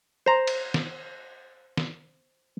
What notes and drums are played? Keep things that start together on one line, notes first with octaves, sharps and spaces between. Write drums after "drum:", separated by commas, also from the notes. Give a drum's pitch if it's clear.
C5 A#5
drum: cymbal
drum: snare
drum: snare